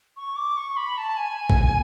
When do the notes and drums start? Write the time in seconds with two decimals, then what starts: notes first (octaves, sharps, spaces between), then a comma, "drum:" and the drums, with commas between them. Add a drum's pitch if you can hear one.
0.17 C#6
0.36 D6
0.57 C#6
0.77 B5
0.98 A5
1.17 G#5
1.50 drum: kick A#1